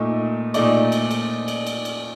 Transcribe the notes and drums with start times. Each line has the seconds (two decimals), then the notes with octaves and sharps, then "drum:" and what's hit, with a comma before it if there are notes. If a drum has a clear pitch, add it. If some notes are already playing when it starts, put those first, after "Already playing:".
Already playing: A#2 A3 D#4
0.54 A#2 A3 D#4 D5, drum: cymbal
0.92 drum: cymbal
1.11 drum: cymbal
1.48 drum: cymbal
1.67 drum: cymbal
1.85 drum: cymbal